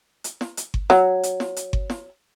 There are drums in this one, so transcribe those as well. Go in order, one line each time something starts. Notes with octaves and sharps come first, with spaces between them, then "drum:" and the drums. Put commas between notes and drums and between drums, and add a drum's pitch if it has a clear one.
drum: hi-hat
drum: snare
drum: hi-hat
drum: kick G1
F#3, drum: snare
drum: hi-hat
drum: snare
drum: hi-hat
drum: kick G1
drum: snare